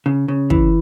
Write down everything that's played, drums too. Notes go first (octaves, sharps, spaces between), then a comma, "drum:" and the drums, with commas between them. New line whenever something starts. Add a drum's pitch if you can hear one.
C#3
C#3
E3, drum: kick